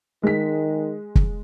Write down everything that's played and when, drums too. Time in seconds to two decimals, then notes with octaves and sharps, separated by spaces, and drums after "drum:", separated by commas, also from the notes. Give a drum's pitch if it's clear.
0.23 D#3 G#3 B6
1.15 drum: kick